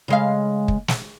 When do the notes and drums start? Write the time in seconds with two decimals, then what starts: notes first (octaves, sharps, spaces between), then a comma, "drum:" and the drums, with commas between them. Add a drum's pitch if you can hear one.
0.08 C#3 G#3 F5
0.68 drum: kick
0.88 drum: snare